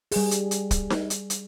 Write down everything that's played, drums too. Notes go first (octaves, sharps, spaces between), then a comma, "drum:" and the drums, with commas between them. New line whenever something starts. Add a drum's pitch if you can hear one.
G3 G#4, drum: open hi-hat
drum: hi-hat
drum: hi-hat
drum: kick, hi-hat
drum: snare D#4
drum: hi-hat
drum: hi-hat